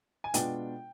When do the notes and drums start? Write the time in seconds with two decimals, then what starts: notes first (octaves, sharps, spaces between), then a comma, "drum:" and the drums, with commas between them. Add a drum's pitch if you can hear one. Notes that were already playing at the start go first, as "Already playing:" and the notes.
0.24 G#5
0.34 B2 G#3 B3 D4 F4 G5, drum: hi-hat